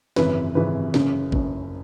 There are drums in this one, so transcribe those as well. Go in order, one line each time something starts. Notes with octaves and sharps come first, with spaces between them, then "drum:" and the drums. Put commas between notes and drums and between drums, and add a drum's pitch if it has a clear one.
G#1 F#2 C#3 E3 B4, drum: snare
G#1 F#2 C#3 E3 B4
F#1 F#2 C#3, drum: snare
F#1 F#2 C#3, drum: kick G#1